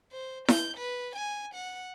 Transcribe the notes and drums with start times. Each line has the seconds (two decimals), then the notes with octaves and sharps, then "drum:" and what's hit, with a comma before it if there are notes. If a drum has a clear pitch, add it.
0.12 C5
0.48 G6, drum: snare E4
0.77 B4
1.16 G#5
1.54 F#5